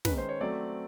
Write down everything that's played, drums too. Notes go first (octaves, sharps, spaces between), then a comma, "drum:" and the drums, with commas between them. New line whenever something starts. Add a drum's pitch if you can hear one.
D#3 G#3 C#4 B4, drum: snare
C5
C#5
F#3 A3 C4 D5